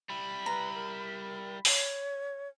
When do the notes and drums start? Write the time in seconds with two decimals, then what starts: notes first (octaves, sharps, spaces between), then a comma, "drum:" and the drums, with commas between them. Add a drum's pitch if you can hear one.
0.10 G3 E4 B5
0.46 B4 A#5
0.75 A#4
1.65 C#5, drum: open hi-hat